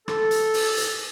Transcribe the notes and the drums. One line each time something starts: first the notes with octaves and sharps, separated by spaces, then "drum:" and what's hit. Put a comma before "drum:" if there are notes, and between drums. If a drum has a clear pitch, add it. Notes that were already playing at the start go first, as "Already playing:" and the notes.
A4, drum: rim click
drum: hi-hat
drum: open hi-hat
drum: hi-hat